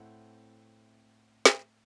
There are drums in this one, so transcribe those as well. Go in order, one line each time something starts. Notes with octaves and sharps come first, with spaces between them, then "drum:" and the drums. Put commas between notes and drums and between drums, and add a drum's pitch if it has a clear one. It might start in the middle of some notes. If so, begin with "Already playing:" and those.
Already playing: A2 A3 C4 F#5
drum: snare